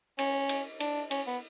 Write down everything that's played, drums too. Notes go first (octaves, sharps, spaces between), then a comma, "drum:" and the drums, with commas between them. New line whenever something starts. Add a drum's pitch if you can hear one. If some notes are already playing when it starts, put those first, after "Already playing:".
C#4, drum: cymbal
drum: cymbal
D4, drum: cymbal
C#4, drum: cymbal
B3